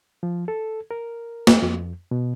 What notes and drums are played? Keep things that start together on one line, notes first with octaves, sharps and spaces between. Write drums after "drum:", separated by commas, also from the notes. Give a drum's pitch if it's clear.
F3
A4
A#4
drum: snare
F2
B2